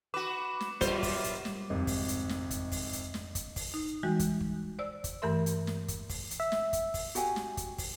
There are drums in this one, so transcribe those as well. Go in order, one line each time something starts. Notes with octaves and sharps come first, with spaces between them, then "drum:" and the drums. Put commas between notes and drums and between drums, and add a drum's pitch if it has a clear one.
F#4 B4 D6
drum: snare
F#2 A#2 G3 F4 C5, drum: kick, hi-hat
drum: kick, open hi-hat
drum: hi-hat
drum: snare
G#1 F2 C3 D#5
drum: kick, open hi-hat
drum: hi-hat
drum: snare
drum: kick, hi-hat
drum: kick, open hi-hat
drum: hi-hat
drum: snare
drum: kick, hi-hat
drum: kick, open hi-hat
D#4
E3 G3 G#3 F#4
drum: kick, hi-hat
drum: kick
C5 D5 E6
drum: kick, hi-hat
G2 E3 A3 A#4 E5 C6
drum: hi-hat
drum: snare
drum: kick, hi-hat
drum: kick, open hi-hat
drum: hi-hat
E5
drum: snare
drum: kick, hi-hat
drum: kick, open hi-hat
F#4 G4 G#5, drum: hi-hat
drum: snare
drum: kick, hi-hat
drum: kick, open hi-hat